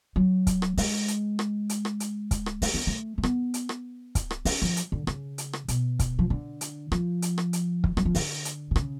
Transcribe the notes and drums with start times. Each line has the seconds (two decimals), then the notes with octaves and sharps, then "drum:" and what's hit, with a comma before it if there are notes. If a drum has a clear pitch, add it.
0.16 F#3
0.47 drum: kick, hi-hat
0.62 drum: rim click
0.77 G#3, drum: open hi-hat
1.08 drum: hi-hat
1.39 drum: rim click
1.69 drum: hi-hat
1.85 drum: rim click
2.00 drum: hi-hat
2.31 drum: kick, hi-hat
2.46 drum: rim click
2.62 A3, drum: open hi-hat
2.74 B3
2.87 A3
3.18 A3
3.23 B3, drum: rim click
3.54 drum: hi-hat
3.69 drum: rim click
4.15 drum: kick, hi-hat
4.31 drum: rim click
4.45 C#4, drum: open hi-hat
4.62 F3
4.77 drum: hi-hat
4.92 D3
5.07 C#3, drum: rim click
5.38 drum: hi-hat
5.53 drum: rim click
5.68 B2, drum: hi-hat
5.99 drum: kick, hi-hat
6.19 F3
6.30 D3
6.61 drum: hi-hat
6.92 F3, drum: rim click
7.22 drum: hi-hat
7.38 drum: rim click
7.53 drum: hi-hat
7.84 drum: kick
7.97 F#3, drum: rim click
8.05 F3
8.15 D3, drum: open hi-hat
8.45 drum: hi-hat
8.71 B2
8.76 C#3, drum: rim click